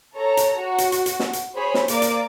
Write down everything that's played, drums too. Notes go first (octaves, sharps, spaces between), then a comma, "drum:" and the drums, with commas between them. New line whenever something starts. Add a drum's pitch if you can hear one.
A4 C#5 A#5
drum: hi-hat
F#4
drum: hi-hat
drum: hi-hat
drum: hi-hat
drum: snare
drum: hi-hat
G#4 C5 C#5 B5
drum: snare
A#3 D5 D6, drum: hi-hat
drum: hi-hat